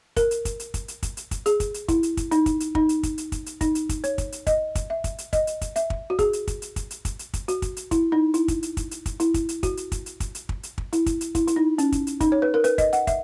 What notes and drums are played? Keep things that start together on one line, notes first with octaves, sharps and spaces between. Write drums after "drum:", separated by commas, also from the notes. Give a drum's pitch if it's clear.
A#4, drum: kick, hi-hat
drum: hi-hat
drum: kick, hi-hat
drum: hi-hat
drum: kick, hi-hat
drum: hi-hat
drum: kick, hi-hat
drum: hi-hat
drum: kick, hi-hat
G#4, drum: hi-hat
drum: kick, hi-hat
drum: hi-hat
E4, drum: kick, hi-hat
drum: hi-hat
drum: kick, hi-hat
D#4, drum: hi-hat
drum: kick, hi-hat
drum: hi-hat
D#4, drum: kick
drum: hi-hat
drum: kick, hi-hat
drum: hi-hat
drum: kick, hi-hat
drum: hi-hat
D#4, drum: kick, hi-hat
drum: hi-hat
drum: kick, hi-hat
C#5, drum: hi-hat
drum: kick, hi-hat
drum: hi-hat
D#5, drum: kick, hi-hat
drum: kick, hi-hat
E5
drum: kick, hi-hat
drum: hi-hat
D#5, drum: kick, hi-hat
drum: hi-hat
drum: kick, hi-hat
E5, drum: hi-hat
drum: kick
F#4
G#4, drum: kick, hi-hat
drum: hi-hat
drum: kick, hi-hat
drum: hi-hat
drum: kick, hi-hat
drum: hi-hat
drum: kick, hi-hat
drum: hi-hat
drum: kick, hi-hat
F#4, drum: hi-hat
drum: kick, hi-hat
drum: hi-hat
E4, drum: kick, hi-hat
D#4
E4, drum: hi-hat
drum: kick, hi-hat
drum: hi-hat
drum: kick, hi-hat
drum: hi-hat
drum: kick, hi-hat
E4, drum: hi-hat
drum: kick, hi-hat
drum: hi-hat
F#4, drum: kick, hi-hat
drum: hi-hat
drum: kick, hi-hat
drum: hi-hat
drum: kick, hi-hat
drum: hi-hat
drum: kick
drum: hi-hat
drum: kick
E4, drum: hi-hat
drum: kick, hi-hat
drum: hi-hat
E4, drum: kick, hi-hat
E4, drum: hi-hat
D#4
C#4, drum: hi-hat
drum: kick, hi-hat
drum: hi-hat
D#4, drum: kick, hi-hat
C#5
B4
A#4
B4, drum: hi-hat
D#5, drum: kick, hi-hat
F#5, drum: hi-hat
E5, drum: kick, hi-hat